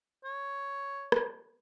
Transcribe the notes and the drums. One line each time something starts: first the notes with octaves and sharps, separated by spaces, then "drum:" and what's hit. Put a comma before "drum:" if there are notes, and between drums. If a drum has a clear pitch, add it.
C#5
drum: rim click